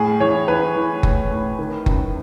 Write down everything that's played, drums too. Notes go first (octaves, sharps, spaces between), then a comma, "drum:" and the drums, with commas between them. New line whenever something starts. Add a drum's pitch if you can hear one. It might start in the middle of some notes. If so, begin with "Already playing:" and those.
Already playing: A2 G#4
E3 C#5
E3 B4
E3
A2, drum: kick F#1
A2
D#3
F#2, drum: kick F#1